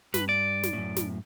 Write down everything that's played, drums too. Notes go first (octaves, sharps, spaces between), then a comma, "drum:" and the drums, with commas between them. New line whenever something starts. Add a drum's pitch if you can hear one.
G2 B4, drum: snare
D5
drum: snare
F#2 A2
drum: snare